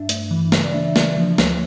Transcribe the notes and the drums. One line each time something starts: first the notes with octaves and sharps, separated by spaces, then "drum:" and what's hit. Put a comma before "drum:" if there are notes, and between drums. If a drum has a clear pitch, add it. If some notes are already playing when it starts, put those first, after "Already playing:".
Already playing: G2 D4 E5
A3, drum: hi-hat
E3
C#3 C#5, drum: snare
D5
D4 E5
E5
A#3 D5, drum: snare
F3
D2 C#5, drum: snare